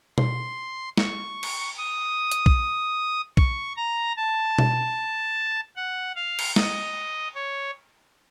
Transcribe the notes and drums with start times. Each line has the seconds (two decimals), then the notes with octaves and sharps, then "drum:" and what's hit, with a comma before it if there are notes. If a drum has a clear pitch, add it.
0.18 C6, drum: tom B2
0.98 C#6, drum: snare
1.43 drum: cymbal
1.78 D#6
2.31 drum: hi-hat
2.46 drum: kick
3.37 C#6, drum: kick
3.77 A#5
4.17 A5
4.59 drum: tom B2
5.76 F#5
6.16 F5
6.39 drum: cymbal
6.56 D#5, drum: snare
7.35 C#5